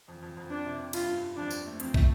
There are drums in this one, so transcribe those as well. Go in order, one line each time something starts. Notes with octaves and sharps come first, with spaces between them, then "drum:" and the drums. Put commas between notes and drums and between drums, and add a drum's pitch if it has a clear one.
F2
F2
F2
C4 D4
C3
C4
G2 F4, drum: cymbal
G2
G2
F2 D4
C4, drum: tambourine
A3
F2 C4, drum: hi-hat
A3, drum: kick